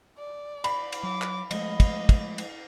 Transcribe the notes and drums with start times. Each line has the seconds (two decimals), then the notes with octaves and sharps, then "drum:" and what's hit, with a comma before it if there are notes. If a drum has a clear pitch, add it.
0.18 D5
0.64 B5, drum: cymbal
0.92 drum: cymbal
1.03 F#3 D6
1.22 drum: clap
1.51 F3 G#3 A3 D#5, drum: cymbal
1.80 drum: kick, cymbal
2.09 drum: kick, cymbal
2.38 drum: cymbal